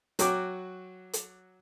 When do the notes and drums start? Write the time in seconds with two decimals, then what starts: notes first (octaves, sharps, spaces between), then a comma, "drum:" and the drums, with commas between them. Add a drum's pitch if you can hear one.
0.19 F#3 F#4 G5 D6, drum: hi-hat
1.13 drum: hi-hat